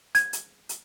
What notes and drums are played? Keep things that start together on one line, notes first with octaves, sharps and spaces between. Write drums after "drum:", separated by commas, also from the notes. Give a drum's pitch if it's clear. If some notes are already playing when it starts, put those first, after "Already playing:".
G#6, drum: hi-hat
drum: hi-hat
drum: hi-hat